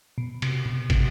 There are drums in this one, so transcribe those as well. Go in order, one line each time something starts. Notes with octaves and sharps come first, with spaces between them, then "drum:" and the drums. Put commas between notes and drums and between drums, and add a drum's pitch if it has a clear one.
B2
C3, drum: cymbal
B2
C3, drum: kick, cymbal